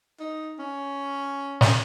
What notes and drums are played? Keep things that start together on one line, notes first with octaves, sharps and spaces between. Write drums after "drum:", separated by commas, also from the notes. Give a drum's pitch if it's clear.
D#4
C#4
drum: snare